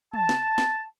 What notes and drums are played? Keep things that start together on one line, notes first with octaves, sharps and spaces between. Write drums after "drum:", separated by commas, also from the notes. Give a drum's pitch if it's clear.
A5, drum: tom
drum: snare
drum: snare